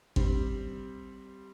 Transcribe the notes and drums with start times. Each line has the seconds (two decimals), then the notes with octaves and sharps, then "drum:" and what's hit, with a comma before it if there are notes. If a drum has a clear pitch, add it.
0.16 G3 C4, drum: kick